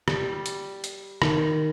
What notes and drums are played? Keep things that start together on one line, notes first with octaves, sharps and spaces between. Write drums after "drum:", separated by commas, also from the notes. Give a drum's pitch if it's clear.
G3, drum: rim click
drum: hi-hat
drum: hi-hat
D#3, drum: rim click